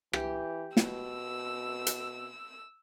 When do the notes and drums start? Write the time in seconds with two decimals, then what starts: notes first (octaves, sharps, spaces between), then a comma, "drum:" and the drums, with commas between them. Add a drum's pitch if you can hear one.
0.13 E3 G4, drum: rim click
0.77 B2 E6, drum: snare
1.87 drum: hi-hat